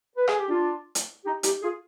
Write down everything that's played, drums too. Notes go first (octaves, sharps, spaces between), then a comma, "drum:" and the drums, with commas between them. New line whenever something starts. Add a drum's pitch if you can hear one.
B4
G#4, drum: rim click
G4
D4 F4
drum: hi-hat
D#4 G4
D#4 G4, drum: hi-hat
F4 G#4